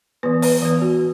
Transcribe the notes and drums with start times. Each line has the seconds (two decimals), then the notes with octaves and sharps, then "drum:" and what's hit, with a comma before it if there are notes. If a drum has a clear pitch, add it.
0.23 E3 B3 B4
0.42 B4, drum: open hi-hat
0.62 E3 B3
0.82 F#4